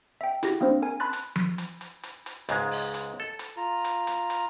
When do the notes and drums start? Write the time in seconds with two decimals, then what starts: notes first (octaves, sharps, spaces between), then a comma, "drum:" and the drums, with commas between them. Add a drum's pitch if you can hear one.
0.21 E5 G5
0.43 E4 F#4 G4 A#6, drum: hi-hat
0.61 A#3 C4 D4 C5
0.82 A#4 G#5
1.00 A5 B5 C6 F#6 A6
1.13 drum: hi-hat
1.36 drum: tom F3
1.58 drum: hi-hat
1.81 drum: hi-hat
2.03 drum: hi-hat
2.26 drum: hi-hat
2.49 C#2 G#2 G#3, drum: hi-hat
2.71 drum: open hi-hat
2.94 drum: hi-hat
3.20 A4
3.39 drum: hi-hat
3.57 F4 A#5
3.84 drum: hi-hat
4.07 drum: hi-hat
4.30 drum: hi-hat